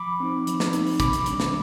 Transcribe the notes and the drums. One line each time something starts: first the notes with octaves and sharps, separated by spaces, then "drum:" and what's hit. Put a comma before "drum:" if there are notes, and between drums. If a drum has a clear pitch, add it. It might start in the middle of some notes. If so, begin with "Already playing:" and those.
Already playing: F3 B5 D6
C4 D#4
F3, drum: hi-hat
drum: snare
C4 D#4, drum: hi-hat
drum: open hi-hat
C3 B5 D6, drum: kick, hi-hat
drum: hi-hat
D#3 G3 D4, drum: hi-hat
drum: snare